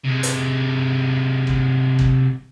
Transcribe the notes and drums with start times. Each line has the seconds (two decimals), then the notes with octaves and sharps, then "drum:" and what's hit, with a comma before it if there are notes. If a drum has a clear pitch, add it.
0.04 C3 G#3
0.23 drum: hi-hat
1.47 drum: kick G1
1.99 drum: kick G1